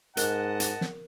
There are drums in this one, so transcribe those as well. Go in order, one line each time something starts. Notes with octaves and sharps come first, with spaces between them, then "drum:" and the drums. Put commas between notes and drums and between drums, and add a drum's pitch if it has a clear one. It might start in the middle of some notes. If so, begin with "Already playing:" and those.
G#2 A#4 D#5 F#5 A5 F#6, drum: hi-hat
drum: hi-hat
drum: snare